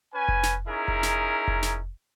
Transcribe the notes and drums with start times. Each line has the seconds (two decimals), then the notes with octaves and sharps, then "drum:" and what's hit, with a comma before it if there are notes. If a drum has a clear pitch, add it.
0.14 C#4 B4 G#5
0.28 drum: kick F1
0.43 drum: snare
0.68 C#4 D#4 E4 G#4 A#4
0.88 drum: kick F1
1.03 drum: snare
1.48 drum: kick F1
1.63 drum: snare